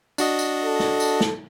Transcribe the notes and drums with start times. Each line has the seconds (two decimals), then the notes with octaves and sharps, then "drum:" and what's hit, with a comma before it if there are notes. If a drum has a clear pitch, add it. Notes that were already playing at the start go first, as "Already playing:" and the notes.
0.18 D4 F#4 D#5, drum: tambourine
0.39 drum: tambourine
0.64 A4
0.80 drum: snare
1.00 drum: tambourine
1.21 drum: snare